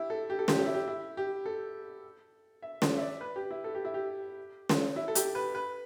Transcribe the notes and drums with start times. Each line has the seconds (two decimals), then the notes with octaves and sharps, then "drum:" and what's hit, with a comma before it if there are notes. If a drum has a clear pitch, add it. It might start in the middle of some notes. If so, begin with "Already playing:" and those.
Already playing: E4 G4
0.10 A4
0.30 G4
0.39 A4
0.48 G4, drum: snare
0.58 G4
0.66 E4
0.74 G4
0.88 E4
1.17 G4
1.46 A4
2.62 E5
2.82 D5, drum: snare
2.97 E5
3.01 D5
3.21 B4
3.36 G4
3.51 E4
3.64 A4
3.75 G4
3.85 E4
3.94 G4
4.69 drum: snare
4.96 E4
5.08 A4
5.15 G4, drum: hi-hat
5.35 B4
5.55 B4